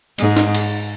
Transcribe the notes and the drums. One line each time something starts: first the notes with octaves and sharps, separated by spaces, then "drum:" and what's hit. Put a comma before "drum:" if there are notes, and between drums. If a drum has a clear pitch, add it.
G#2, drum: cymbal
drum: snare
drum: cymbal